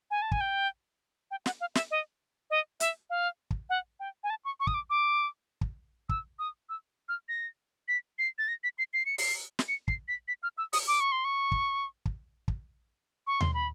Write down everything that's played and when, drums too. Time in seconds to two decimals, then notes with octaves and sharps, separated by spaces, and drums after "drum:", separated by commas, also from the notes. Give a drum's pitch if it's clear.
0.11 G#5
0.22 A5
0.32 G#5, drum: kick
0.41 G5
1.31 G5
1.46 F#5, drum: snare
1.61 F5
1.75 E5, drum: snare
1.91 D#5
2.50 D#5
2.80 E5, drum: hi-hat
3.10 F5
3.51 drum: kick
3.70 F#5
4.00 G5
4.24 G#5
4.30 A5
4.45 C#6
4.60 C#6
4.67 D#6, drum: kick
4.74 D6
4.90 D6
5.61 drum: kick
6.09 E6, drum: kick
6.39 D#6
6.69 E6
7.09 F6
7.29 A#6
7.88 B6
8.19 C7
8.38 A6
8.48 A#6
8.64 B6
8.78 C7
8.94 C7
9.06 C#7
9.18 C7, drum: open hi-hat
9.59 drum: snare
9.68 C#7
9.88 C7, drum: kick
10.08 B6
10.28 B6
10.43 F6
10.58 E6
10.73 D#6, drum: open hi-hat
10.88 D6
11.00 C#6
11.12 C6
11.25 C#6
11.52 drum: kick
12.06 drum: kick
12.48 drum: kick
13.27 C#6
13.41 C6, drum: tom D#2
13.54 B5